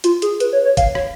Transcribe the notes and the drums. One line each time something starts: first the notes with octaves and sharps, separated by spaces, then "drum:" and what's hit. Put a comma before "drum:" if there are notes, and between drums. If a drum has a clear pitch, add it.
F4, drum: hi-hat
G#4, drum: hi-hat
B4, drum: hi-hat
C#5
C#5
F5, drum: kick, hi-hat
C#5, drum: rim click